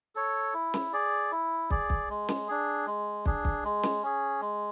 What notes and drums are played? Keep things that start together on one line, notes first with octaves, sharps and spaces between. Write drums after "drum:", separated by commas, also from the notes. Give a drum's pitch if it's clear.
A4 C#5
E4
drum: snare
G#4 D5
E4
G#4 D5, drum: kick
drum: kick
G#3
drum: snare
D4 G#4
G#3
D4 G#4, drum: kick
drum: kick
G#3
drum: snare
C#4 G#4
G#3